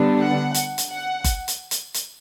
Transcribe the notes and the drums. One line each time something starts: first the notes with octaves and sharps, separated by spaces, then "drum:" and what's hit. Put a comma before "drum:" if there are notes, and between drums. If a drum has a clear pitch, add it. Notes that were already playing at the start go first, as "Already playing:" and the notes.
Already playing: D3 G3 B3 D4
F#5
drum: hi-hat
drum: hi-hat
F#5
drum: kick F#1, hi-hat
drum: hi-hat
drum: hi-hat
drum: hi-hat